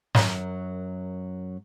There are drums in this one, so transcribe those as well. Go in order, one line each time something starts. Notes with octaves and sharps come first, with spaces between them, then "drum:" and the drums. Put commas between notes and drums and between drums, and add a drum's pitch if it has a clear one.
F#2 F#3 A#4, drum: snare